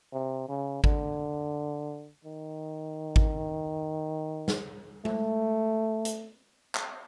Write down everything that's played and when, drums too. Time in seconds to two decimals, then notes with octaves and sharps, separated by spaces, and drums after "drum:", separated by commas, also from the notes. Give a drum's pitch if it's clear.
0.13 C3
0.49 C#3
0.84 D3, drum: kick G#1
2.25 D#3
3.16 drum: kick G#1
4.48 drum: snare
5.05 A3, drum: tom G#3
6.05 drum: hi-hat
6.75 drum: clap